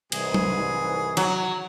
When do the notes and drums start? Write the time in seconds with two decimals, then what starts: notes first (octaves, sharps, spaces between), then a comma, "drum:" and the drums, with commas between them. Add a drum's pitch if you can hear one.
0.12 C2 G#2 E3 G#4, drum: cymbal
0.34 drum: tom F#3
1.17 F#3, drum: cymbal